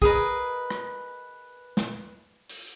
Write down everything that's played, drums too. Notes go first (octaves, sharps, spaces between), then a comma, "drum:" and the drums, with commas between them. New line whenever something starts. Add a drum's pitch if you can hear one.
G#4 A#4 B4 D#5, drum: kick B1
drum: rim click
drum: snare
drum: open hi-hat